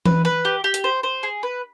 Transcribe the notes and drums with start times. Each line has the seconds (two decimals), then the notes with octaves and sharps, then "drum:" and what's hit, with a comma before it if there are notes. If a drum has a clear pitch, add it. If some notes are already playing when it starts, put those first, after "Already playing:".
0.06 B4, drum: tom E3
0.25 B4
0.45 G4
0.64 G4
0.74 drum: hi-hat
0.84 C5
1.03 C5
1.23 G#4
1.43 B4